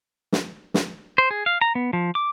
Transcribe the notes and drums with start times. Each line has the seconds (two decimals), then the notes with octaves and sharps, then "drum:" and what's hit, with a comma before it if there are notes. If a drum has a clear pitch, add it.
0.32 drum: snare
0.74 drum: snare
1.18 C5
1.31 G#4
1.46 F5
1.61 A#5
1.75 B3
1.93 F3
2.15 D6